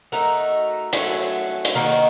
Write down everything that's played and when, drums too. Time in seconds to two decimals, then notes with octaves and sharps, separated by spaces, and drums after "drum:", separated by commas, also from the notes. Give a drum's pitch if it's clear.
0.12 A3 D#4 F#4 A#4
0.93 F#3 A3 C#4 F#4, drum: hi-hat
1.65 drum: hi-hat
1.75 D#3 A#3 D#4 F#4